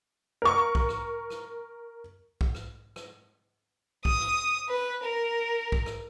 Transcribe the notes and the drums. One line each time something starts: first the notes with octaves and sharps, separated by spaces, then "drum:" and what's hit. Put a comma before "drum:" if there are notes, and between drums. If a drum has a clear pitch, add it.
A#4 C#6
drum: kick B1
drum: rim click
drum: rim click
drum: kick B1
drum: rim click
drum: rim click
D#6, drum: kick B1
drum: rim click
B4
A#4
drum: kick B1
drum: rim click